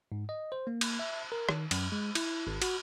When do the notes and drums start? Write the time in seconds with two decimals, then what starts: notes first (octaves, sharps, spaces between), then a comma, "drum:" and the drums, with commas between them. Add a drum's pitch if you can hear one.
0.12 G#2
0.29 D#5
0.52 C5
0.67 A#3
0.81 drum: cymbal
0.99 E5
1.32 A#4
1.49 D#3, drum: rim click
1.71 F#2, drum: cymbal
1.92 G#3
2.15 E4, drum: cymbal
2.47 G#1
2.62 F#4, drum: cymbal